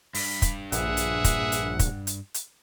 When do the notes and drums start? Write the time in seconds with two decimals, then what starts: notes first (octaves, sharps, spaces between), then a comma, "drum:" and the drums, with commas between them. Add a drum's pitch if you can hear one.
0.14 G2 B5, drum: open hi-hat
0.42 drum: kick, hi-hat
0.72 A#1 G#4 B4 E5 F#5, drum: hi-hat
0.97 drum: hi-hat
1.24 drum: kick, hi-hat
1.52 drum: hi-hat
1.79 drum: kick, hi-hat
2.07 drum: hi-hat
2.34 drum: hi-hat